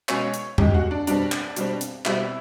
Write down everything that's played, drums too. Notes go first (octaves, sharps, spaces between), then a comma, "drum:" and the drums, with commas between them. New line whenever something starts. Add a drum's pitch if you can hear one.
B2 G#3 C#4 C#5, drum: clap
drum: hi-hat
B2 G#3 C#4 G4, drum: tom F2
F#4
D4
B2 G3 C4 D4, drum: hi-hat
drum: clap
B2 G3 C4, drum: hi-hat
drum: hi-hat
B2 G3 C4 E4, drum: clap